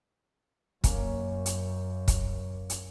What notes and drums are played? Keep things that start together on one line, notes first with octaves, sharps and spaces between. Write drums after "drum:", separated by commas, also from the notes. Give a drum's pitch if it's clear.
F#2 A#3 C#4 F5, drum: kick, hi-hat
drum: hi-hat
drum: kick, hi-hat
drum: hi-hat